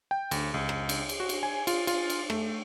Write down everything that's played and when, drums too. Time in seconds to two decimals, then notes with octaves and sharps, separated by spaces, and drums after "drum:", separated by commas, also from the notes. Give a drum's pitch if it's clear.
0.11 G5
0.31 D2, drum: cymbal
0.54 C#2
0.69 drum: rim click
0.89 drum: cymbal
1.09 drum: cymbal
1.20 F#4
1.29 drum: cymbal
1.43 G#5
1.67 F4, drum: cymbal
1.87 F4, drum: cymbal
2.10 drum: cymbal
2.30 A3, drum: rim click